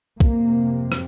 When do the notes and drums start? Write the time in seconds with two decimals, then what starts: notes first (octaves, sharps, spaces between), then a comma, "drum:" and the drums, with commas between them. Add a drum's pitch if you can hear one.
0.20 F2 C3 A#3, drum: kick
0.92 drum: rim click